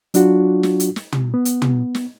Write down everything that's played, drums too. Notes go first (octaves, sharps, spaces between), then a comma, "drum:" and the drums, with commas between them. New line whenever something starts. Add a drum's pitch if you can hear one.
F#3 D4 F4 F#4, drum: hi-hat
drum: snare
drum: hi-hat
drum: snare
drum: tom
B3
drum: hi-hat
drum: tom
drum: snare